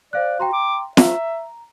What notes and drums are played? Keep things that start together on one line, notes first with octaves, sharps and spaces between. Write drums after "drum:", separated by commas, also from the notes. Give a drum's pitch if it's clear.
C5 D5 F5 F#6
F#4 G5 A#5 C6
D6
E5 A#5, drum: snare